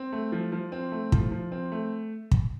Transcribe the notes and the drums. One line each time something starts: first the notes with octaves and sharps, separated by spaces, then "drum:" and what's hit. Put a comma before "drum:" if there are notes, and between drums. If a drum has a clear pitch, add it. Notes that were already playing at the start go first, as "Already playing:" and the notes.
Already playing: C4
A3
F3
F3
C4
A3
F3, drum: kick
F3
C4
A3
drum: kick